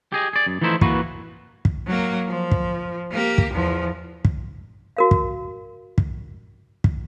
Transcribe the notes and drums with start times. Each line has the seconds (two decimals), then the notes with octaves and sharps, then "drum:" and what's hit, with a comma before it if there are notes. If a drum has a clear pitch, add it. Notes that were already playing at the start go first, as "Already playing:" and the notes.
0.12 G4 G#4 D#5
0.33 G#4 D5
0.46 F#2
0.61 E3 F3 A3 D#4 E4 C5
0.81 E3 A#3 F#4 B4, drum: kick
1.65 drum: kick
1.87 F#3 A#3
2.28 F3
2.51 drum: kick
3.11 A#3 G4
3.38 drum: kick
3.52 E2 F3
4.25 drum: kick
4.97 F#4 A#4 F5
5.11 drum: kick
5.98 drum: kick
6.84 drum: kick